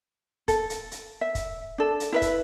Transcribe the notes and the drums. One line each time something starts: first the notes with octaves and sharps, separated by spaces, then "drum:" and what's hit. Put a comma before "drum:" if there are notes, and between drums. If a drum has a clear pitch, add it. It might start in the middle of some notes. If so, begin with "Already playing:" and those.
A4, drum: kick, hi-hat
drum: hi-hat
drum: hi-hat
E5
drum: kick, hi-hat
D4 A4
drum: hi-hat
E4 B4 E5
drum: kick, hi-hat